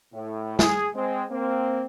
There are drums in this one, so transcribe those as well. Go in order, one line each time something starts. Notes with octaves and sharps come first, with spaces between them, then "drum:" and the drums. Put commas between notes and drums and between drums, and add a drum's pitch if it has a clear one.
A2
G#4, drum: snare
G#3 C4
A#3 C4